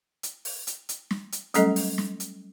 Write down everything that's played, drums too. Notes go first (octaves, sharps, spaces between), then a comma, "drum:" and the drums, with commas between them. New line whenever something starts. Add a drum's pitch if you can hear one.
drum: hi-hat
drum: open hi-hat
drum: hi-hat
drum: hi-hat
drum: snare
drum: hi-hat
F#3 G3 A3 C#4 A4 D#5, drum: hi-hat
drum: open hi-hat
drum: snare
drum: hi-hat